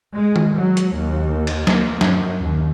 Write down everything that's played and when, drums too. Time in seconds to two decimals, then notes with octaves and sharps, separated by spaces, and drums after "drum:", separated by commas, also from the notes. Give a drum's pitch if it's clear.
0.14 G#3
0.36 drum: tom D#3
0.56 F#3
0.77 drum: hi-hat
0.94 D#2
1.47 drum: cymbal
1.67 A#3, drum: snare
2.01 F#2, drum: snare
2.43 D#2